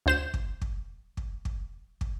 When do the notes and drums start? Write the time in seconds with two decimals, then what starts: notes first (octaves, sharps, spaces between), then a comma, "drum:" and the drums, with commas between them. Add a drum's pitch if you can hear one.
0.06 D2 C5 E7
0.34 drum: kick
0.62 drum: kick
1.17 drum: kick
1.45 drum: kick
2.01 drum: kick